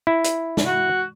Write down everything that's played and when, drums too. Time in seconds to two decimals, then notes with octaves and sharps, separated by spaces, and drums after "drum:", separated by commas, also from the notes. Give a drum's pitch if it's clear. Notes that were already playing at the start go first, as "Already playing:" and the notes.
0.07 E4
0.24 drum: hi-hat
0.57 drum: snare
0.66 F#4